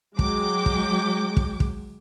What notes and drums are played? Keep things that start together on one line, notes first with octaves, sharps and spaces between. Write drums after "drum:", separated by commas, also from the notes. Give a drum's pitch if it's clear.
F#3 G#3 G5 D6, drum: kick
drum: kick
drum: kick
drum: kick